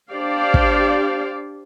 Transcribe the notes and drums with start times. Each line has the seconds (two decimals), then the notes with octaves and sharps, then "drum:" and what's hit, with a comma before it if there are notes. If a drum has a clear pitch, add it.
0.13 D4 G4 C5 D5 F5
0.54 drum: kick